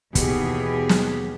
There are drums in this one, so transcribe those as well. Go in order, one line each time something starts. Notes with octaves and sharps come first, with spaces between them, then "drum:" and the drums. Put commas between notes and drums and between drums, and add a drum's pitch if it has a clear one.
D#2 B2 E3 G4 G#4, drum: kick, hi-hat
drum: snare